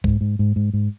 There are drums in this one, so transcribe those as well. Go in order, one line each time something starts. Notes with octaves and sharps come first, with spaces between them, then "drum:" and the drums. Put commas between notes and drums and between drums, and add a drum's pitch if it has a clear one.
G#2, drum: kick B1
G#2
G#2
G#2
G#2